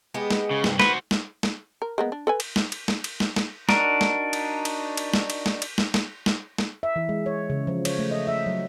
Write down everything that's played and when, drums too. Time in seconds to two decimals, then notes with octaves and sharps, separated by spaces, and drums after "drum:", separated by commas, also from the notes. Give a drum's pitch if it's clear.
0.14 G#3 B3 G4
0.30 drum: snare
0.51 C#3
0.64 C2 G2, drum: snare
0.80 F#4 B4 C5, drum: snare
1.11 drum: snare
1.43 drum: snare
1.82 A#4
1.98 G#3 A#3 B3
2.12 D4
2.27 A4 B4 G#5
2.40 drum: cymbal
2.56 drum: snare
2.72 drum: cymbal
2.88 drum: snare
3.04 drum: cymbal
3.20 drum: snare
3.36 drum: snare
3.69 D4 D#4 F#4 A#4, drum: snare
4.01 drum: snare
4.33 drum: cymbal
4.65 drum: cymbal
4.97 drum: cymbal
5.14 drum: snare
5.30 drum: cymbal
5.46 drum: snare
5.62 drum: cymbal
5.78 drum: snare
5.94 drum: snare
6.26 drum: snare
6.58 drum: snare
6.83 E5
6.96 E3
7.09 G#3
7.26 C#5
7.50 C#3
7.67 F3
7.85 C#5, drum: cymbal
7.99 A3
8.11 D#5
8.27 E5
8.46 F#3